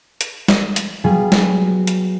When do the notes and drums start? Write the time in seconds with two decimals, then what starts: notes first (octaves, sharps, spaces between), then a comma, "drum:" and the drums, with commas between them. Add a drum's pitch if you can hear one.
0.21 drum: hi-hat
0.48 drum: snare
0.76 drum: hi-hat
1.04 F#3 G3 B3 F4 G#4
1.32 drum: snare
1.87 drum: hi-hat